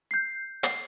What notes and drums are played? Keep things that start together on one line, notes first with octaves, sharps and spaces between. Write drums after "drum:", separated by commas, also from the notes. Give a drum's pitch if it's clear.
G6 C7
C7, drum: hi-hat